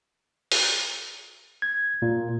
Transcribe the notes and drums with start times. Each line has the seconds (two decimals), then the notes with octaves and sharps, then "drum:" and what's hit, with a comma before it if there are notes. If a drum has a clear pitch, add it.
0.52 drum: open hi-hat
1.62 G#6
2.02 A#2